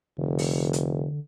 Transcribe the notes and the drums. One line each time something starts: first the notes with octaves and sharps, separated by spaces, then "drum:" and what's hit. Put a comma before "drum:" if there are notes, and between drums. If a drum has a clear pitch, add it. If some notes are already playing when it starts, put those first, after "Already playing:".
F1 D3
drum: open hi-hat
drum: hi-hat